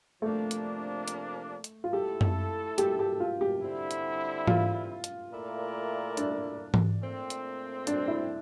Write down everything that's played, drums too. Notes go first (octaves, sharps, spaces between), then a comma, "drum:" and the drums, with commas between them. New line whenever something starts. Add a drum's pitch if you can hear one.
C3 F3 A3 A#3 D4
drum: hi-hat
drum: hi-hat
drum: hi-hat
F4
A3 E4 G4 A4
drum: tom F#2
G4, drum: hi-hat
G4
F4
G4
D3 G3 C4 E4
drum: hi-hat
F4, drum: tom
drum: hi-hat
A#2 A3 E4 A#4 D5
D4, drum: hi-hat
drum: tom
A#2 A3 C4
drum: hi-hat
D4, drum: hi-hat
E4